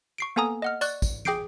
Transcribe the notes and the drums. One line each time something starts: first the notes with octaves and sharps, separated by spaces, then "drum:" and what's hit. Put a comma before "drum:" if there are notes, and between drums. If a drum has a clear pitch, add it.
C#6 C7 D7
A#3 B3 A4 G#5 A#5 D#6
D#5 F#5 F6
D5 C#6 F#6, drum: tambourine
drum: kick, tambourine
G#4 G5 D6 G6 C7 D7, drum: snare